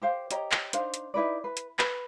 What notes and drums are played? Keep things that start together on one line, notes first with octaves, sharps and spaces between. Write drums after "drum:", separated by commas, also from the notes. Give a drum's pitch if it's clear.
G4 C5 F5
G4 C#5 D#5 A#5, drum: hi-hat
drum: clap
D4 D#4 C5 F5, drum: hi-hat
drum: hi-hat
D#4 E4 B4 D5
B4
drum: hi-hat
B4, drum: clap